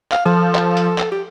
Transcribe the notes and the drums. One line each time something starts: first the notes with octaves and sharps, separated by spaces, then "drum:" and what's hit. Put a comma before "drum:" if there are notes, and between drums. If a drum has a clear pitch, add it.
F5, drum: clap
F3 A4
drum: clap
drum: hi-hat
drum: clap
G4